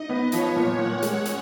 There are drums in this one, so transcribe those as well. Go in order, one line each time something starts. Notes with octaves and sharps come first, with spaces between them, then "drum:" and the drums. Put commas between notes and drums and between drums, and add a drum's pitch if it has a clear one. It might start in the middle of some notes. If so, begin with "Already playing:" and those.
Already playing: D#4 D#5
B3
F3 C#5, drum: hi-hat
A#2
A#2 F#5
G#3, drum: hi-hat
C#4, drum: hi-hat